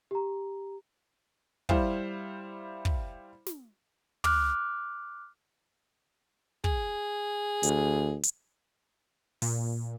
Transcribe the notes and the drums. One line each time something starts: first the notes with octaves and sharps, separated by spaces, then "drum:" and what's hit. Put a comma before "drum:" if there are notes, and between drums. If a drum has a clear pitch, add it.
G4 A#5
G3 E4 C5 F5, drum: kick
drum: kick
drum: snare
D6 F6 F#6, drum: tom
G#4, drum: kick
D2, drum: hi-hat
drum: hi-hat
A#2, drum: open hi-hat